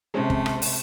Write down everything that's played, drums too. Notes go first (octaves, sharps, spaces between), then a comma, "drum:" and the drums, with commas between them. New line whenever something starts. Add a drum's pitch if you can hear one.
C3 G#3 A3 C4 C#4
drum: kick
drum: rim click
drum: open hi-hat